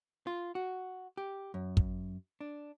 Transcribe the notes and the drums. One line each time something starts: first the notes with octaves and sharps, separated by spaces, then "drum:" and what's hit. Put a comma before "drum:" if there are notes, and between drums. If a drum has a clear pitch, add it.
F4
F#4
G4
F#2
drum: kick
D4